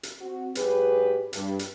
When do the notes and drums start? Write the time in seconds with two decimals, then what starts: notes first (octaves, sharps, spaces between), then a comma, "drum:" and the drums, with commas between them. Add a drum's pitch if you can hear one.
0.03 drum: hi-hat
0.21 C4 F#4
0.55 G#2 F#3 G4 G#4 B4, drum: hi-hat
1.33 G2, drum: hi-hat
1.59 drum: hi-hat